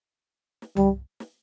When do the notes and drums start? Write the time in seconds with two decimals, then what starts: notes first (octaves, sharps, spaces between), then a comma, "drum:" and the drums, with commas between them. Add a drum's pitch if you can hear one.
0.62 drum: snare
0.76 G3, drum: tom C2
1.20 drum: snare